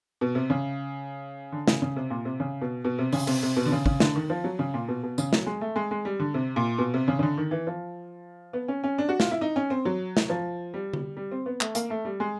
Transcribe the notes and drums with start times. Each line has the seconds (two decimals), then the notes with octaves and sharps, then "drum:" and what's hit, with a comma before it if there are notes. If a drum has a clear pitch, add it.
0.21 B2
0.35 C3
0.50 C#3
1.52 D3
1.68 C#3, drum: snare
1.82 C#3
1.96 C3
2.10 A#2
2.25 C3
2.40 C#3
2.61 B2
2.84 B2
2.98 C3
3.13 C#3, drum: open hi-hat
3.27 C3, drum: cymbal
3.43 C3
3.56 B2
3.66 D3
3.72 C#3
3.86 C#3, drum: kick
4.00 D3, drum: snare
4.15 D#3
4.30 F3
4.44 F#3
4.59 C#3
4.74 A#2
4.88 B2
5.03 B2
5.18 C#3, drum: tambourine
5.33 F#3, drum: snare
5.46 G#3
5.61 A3
5.76 G#3
5.91 G#3
6.05 G3
6.19 D3
6.34 C3
6.56 A#2
6.78 B2
6.94 C3
7.08 C#3
7.19 C#3
7.23 D3
7.37 D#3
7.51 E3
7.67 F3
8.53 B3
8.68 C#4
8.84 C#4
8.98 D4
9.09 F#4
9.20 F4, drum: snare
9.31 E4
9.41 D#4
9.56 C#4
9.70 C4
9.85 F#3
10.17 drum: snare
10.30 F3
10.74 G3
10.93 drum: tom D3
11.17 G3
11.32 C4
11.46 B3
11.61 A3, drum: clap
11.75 A#3, drum: hi-hat
11.90 A3
12.05 G3
12.20 G#3